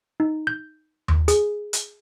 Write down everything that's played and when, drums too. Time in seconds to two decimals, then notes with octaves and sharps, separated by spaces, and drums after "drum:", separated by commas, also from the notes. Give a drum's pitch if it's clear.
0.20 D#4
0.47 G6
1.08 drum: tom D#2
1.28 G#4, drum: hi-hat
1.73 drum: hi-hat